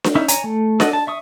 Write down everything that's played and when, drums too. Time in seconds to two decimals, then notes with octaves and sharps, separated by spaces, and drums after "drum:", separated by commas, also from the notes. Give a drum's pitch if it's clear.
0.04 drum: snare D4
0.15 C#4 D#4 E4 E5
0.28 C#5 G#5 A#5, drum: hi-hat
0.44 A3
0.80 A4 D5 D#5 F#5, drum: snare D4
0.93 A5
1.07 E5 C#6 D#6